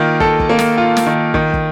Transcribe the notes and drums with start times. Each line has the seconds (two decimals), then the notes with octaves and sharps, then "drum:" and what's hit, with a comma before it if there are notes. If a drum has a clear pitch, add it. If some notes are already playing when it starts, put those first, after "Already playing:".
Already playing: D#3 A#3 F4
0.20 A4, drum: kick
0.40 drum: kick
0.49 A#3
0.59 drum: snare
0.78 F4
0.97 drum: snare
1.06 D#3
1.34 D#3, drum: kick
1.54 drum: kick